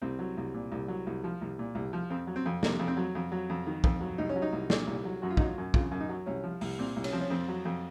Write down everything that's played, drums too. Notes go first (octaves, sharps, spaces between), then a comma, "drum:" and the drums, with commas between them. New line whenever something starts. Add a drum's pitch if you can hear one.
C2 C4
F#3
C2
A#2
C2
F#3
C2
F3
C2
A#2
C2
F3
F2 C4
F#3
C4
F2
C3 A#3, drum: snare
F2
C4
F#3
F2
F#3
F2
D#3
F2, drum: kick
F#3
C2 D#4
C#4
F#3
D#4
C2
A#2, drum: snare
C2
F#3
F#2 F#4
F4
D#4, drum: kick
F#3 F4
F#2
C#3 F4, drum: kick
F#2
D#4
F#3
C2 C#4
F3
C2, drum: open hi-hat
A#2 C4
C2
C#4, drum: cymbal
F3 C4
C#4
F2 C4
F#3
F2